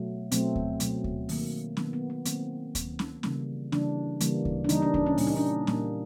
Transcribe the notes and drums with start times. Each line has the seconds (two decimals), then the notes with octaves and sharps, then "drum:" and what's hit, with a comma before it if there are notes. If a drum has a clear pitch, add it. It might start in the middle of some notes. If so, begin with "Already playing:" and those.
Already playing: B2 F#3 A3
0.32 B2 F#3 A3 C4, drum: hi-hat
0.55 drum: kick D2
0.80 B2 F#3 A3, drum: hi-hat
1.04 drum: kick D2
1.29 D#3 F#3 A#3, drum: open hi-hat
1.77 D#3 F#3 A#3 B3, drum: snare
1.93 B3
2.10 B3
2.25 D#3 F#3 A#3 C4, drum: hi-hat
2.75 D#3 F#3 A#3, drum: kick D2, hi-hat
2.99 drum: snare
3.23 C#3 E3 G3 A#3, drum: snare
3.72 C#3 E3 G3 A#3 D4, drum: snare
4.20 C#3 E3 G3 A#3, drum: hi-hat
4.45 drum: kick D2
4.64 D4
4.69 C#3 E3 G3 A#3 D#4, drum: hi-hat
4.82 D4
4.94 D4, drum: kick D2
5.06 C#4
5.18 A#2 G3 A#3 D4, drum: open hi-hat
5.27 D#4
5.37 D4
5.67 A#2 G3 A#3, drum: snare